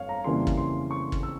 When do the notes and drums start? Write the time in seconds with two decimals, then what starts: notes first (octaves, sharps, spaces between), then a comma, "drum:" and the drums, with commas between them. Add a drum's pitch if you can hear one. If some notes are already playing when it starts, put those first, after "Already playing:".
Already playing: G1 F2 C#5 F5
0.09 A#5
0.24 F2 C#3 E3 G3 A#3 C6
0.47 drum: kick
0.57 C6
0.91 C#6
1.12 drum: kick
1.23 E6